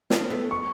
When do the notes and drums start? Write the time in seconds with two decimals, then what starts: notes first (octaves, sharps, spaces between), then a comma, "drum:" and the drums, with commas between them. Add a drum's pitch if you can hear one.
0.10 B3 C#4, drum: snare
0.30 A3 B3
0.51 C#6